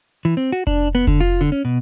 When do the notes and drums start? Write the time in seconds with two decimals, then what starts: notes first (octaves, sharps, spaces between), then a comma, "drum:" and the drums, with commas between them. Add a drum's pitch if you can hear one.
0.25 E3
0.37 C4
0.52 F#4
0.67 D4, drum: kick F1
0.95 B3
1.07 D3, drum: kick F1
1.21 F4
1.41 D3
1.52 C#4
1.65 B2